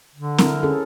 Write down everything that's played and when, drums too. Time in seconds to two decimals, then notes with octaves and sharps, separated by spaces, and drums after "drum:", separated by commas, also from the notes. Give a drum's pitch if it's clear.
0.15 D3
0.38 E4 A#4, drum: snare C4
0.63 C#4 G#4 A4